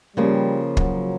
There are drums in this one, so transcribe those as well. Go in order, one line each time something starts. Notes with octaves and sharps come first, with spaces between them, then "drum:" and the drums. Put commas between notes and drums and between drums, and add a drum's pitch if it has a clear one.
C#3 F3 G3 A#3
F#3, drum: kick